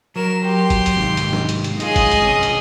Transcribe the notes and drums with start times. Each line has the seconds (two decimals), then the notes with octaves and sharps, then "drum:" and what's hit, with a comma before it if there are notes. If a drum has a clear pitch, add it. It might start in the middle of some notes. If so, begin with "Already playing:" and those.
0.16 F#3 A#4 E7
0.45 G4 C6
0.70 drum: kick, hi-hat
0.86 drum: hi-hat
0.96 G#2 C3 D#3
1.17 drum: hi-hat
1.33 drum: snare
1.49 drum: hi-hat
1.64 drum: hi-hat
1.80 G#3 F4 G#4 D#5, drum: hi-hat
1.96 drum: kick, hi-hat
2.11 drum: hi-hat
2.22 G2 C3 C#4
2.43 drum: hi-hat